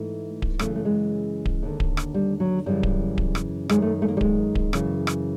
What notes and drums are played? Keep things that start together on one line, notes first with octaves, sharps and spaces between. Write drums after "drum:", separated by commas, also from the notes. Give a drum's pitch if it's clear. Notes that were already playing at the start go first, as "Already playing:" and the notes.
Already playing: G#2 E3 A3
drum: kick D1
F#2 C#3 E3 A3, drum: rim click
A3
G#3
drum: kick D1
D#2 D3
drum: kick D1
drum: rim click
G3
F#3
F#2 C#3 E3 G3
drum: kick D1
drum: kick D1
drum: rim click
F#2 D#3 G#3, drum: rim click
A3
A3
A#3
G3
G#3, drum: kick D1
drum: kick D1
F#2 C#3 E3, drum: rim click
drum: rim click